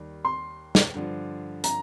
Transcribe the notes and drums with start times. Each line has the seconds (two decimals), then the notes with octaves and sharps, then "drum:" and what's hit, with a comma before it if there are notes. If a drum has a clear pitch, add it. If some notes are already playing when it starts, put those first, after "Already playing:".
Already playing: D#2 D#3 G3
0.25 C6
0.75 drum: snare
0.94 G2 D3 F3
1.64 A#5, drum: hi-hat